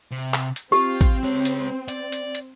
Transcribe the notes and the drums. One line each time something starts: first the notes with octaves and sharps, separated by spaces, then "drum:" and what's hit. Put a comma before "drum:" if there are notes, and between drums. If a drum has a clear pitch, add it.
C3
drum: clap
drum: hi-hat
C4 F4 G4
drum: kick, hi-hat
G#3 C#5
drum: hi-hat
D5, drum: hi-hat
drum: hi-hat
drum: hi-hat